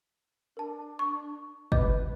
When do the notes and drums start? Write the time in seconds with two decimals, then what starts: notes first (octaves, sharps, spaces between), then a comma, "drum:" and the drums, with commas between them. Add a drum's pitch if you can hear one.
0.57 D4 A#4 A5
0.99 C#6
1.72 B4 D#5 D6 G6, drum: kick